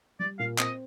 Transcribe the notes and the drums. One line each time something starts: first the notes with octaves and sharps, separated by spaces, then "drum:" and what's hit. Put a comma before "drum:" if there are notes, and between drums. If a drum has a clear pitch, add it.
G3 D5
A#2 F5
C4 D#5, drum: clap